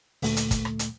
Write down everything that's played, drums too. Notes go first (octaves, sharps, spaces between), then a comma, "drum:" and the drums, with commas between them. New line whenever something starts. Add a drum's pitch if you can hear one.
D2 A#2 A3, drum: open hi-hat
drum: hi-hat
drum: kick, hi-hat
drum: rim click
drum: hi-hat